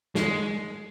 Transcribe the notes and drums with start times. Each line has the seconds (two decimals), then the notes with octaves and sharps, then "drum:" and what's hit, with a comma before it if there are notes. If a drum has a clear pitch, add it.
0.15 G#3, drum: snare